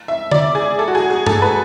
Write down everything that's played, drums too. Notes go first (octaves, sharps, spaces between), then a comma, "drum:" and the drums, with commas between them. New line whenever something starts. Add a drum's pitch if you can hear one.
E5
D5, drum: tom D3
G#4
A4
F#4
G#4
G#4
A4, drum: tom G2
B4